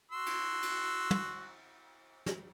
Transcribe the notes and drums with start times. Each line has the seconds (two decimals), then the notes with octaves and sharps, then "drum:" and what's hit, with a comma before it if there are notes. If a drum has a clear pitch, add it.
0.11 F#4 C6 E6
0.26 drum: cymbal
0.62 drum: cymbal
1.11 drum: tom
2.26 drum: snare